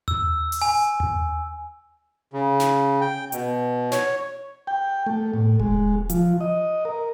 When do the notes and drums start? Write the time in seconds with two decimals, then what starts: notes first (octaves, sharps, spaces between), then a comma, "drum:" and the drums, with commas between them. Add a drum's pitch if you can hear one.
0.08 E6, drum: tom D#2
0.52 drum: open hi-hat
0.62 G#5
1.00 drum: tom D#2
2.33 C#3
2.60 drum: snare
3.01 G5
3.32 B2, drum: hi-hat
3.92 C#5, drum: snare
4.67 G5
5.06 A3
5.34 A2
5.60 G#3, drum: kick D#1
6.10 F3, drum: hi-hat
6.41 D#5
6.85 A#4